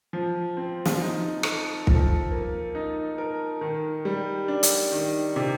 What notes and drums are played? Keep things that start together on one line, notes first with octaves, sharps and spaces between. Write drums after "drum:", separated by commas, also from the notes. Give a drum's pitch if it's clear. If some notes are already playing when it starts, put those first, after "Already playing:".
F3
C4
drum: snare
D#4
A4, drum: rim click
F3, drum: kick
A#3
D#4
A#4
D#3
G3
D4
drum: hi-hat
D#3
C3